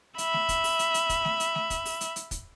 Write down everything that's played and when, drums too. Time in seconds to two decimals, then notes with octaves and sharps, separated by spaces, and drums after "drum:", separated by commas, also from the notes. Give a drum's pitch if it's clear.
0.18 E5 B5, drum: hi-hat
0.33 drum: snare A3
0.49 drum: kick, hi-hat
0.64 drum: open hi-hat
0.79 drum: hi-hat
0.94 drum: hi-hat
1.09 drum: kick, hi-hat
1.25 drum: snare A3
1.40 drum: hi-hat
1.55 drum: snare A3
1.70 drum: kick, hi-hat
1.85 drum: open hi-hat
2.01 drum: hi-hat
2.16 drum: hi-hat
2.31 drum: kick, hi-hat